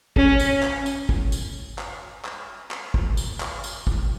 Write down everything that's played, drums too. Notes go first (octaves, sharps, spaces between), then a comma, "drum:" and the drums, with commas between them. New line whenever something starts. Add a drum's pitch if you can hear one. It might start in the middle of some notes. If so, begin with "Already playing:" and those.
C#4, drum: kick
drum: tambourine
drum: clap
drum: tambourine
drum: kick
drum: tambourine
drum: clap
drum: clap
drum: clap
drum: kick
drum: tambourine
drum: clap
drum: tambourine
drum: kick